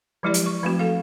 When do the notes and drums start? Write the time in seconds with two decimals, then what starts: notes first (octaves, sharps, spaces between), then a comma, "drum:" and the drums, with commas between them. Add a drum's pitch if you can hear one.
0.23 F3 F#3 G#3 E4 G4 D5
0.34 drum: hi-hat
0.46 C#6
0.63 F3 A3 C4 F#4
0.79 A4 F5